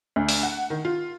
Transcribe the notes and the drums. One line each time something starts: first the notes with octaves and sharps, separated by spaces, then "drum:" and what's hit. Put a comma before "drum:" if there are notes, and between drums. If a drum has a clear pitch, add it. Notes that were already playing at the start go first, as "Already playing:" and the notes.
D2
drum: open hi-hat
F#5
D#3
F4